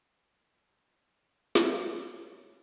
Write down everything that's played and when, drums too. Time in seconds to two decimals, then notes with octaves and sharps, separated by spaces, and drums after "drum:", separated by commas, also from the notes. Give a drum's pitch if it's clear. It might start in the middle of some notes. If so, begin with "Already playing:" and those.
1.55 drum: snare
1.79 C#3 G#3 D#4 C#5